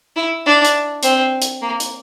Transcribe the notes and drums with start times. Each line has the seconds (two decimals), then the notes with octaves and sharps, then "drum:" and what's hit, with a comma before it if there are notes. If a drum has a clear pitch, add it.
0.16 E4
0.46 D4
0.65 drum: hi-hat
1.03 C4, drum: hi-hat
1.42 drum: hi-hat
1.61 A#3
1.80 drum: hi-hat